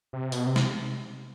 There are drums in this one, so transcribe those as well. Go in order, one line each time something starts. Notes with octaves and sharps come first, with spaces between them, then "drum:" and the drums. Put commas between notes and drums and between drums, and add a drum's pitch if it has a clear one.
C3
B2, drum: open hi-hat
C3
drum: snare